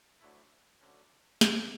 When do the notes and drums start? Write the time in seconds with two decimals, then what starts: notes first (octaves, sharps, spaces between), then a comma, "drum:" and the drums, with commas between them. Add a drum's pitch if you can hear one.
0.21 D2 D3 F#3 A3 E4
0.81 D2 D3 F#3 C#4
1.41 D3 F#3 B3, drum: snare